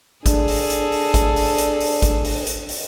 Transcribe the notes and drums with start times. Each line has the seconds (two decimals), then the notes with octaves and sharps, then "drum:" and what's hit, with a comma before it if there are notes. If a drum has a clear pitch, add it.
0.26 D4 G#4 A4, drum: kick G#1, hi-hat
0.48 drum: open hi-hat
0.70 drum: hi-hat
0.92 drum: open hi-hat
1.14 drum: kick G#1, hi-hat
1.36 drum: open hi-hat
1.58 drum: hi-hat
1.80 drum: open hi-hat
2.02 drum: kick G#1, hi-hat
2.24 drum: open hi-hat
2.47 drum: hi-hat
2.69 drum: open hi-hat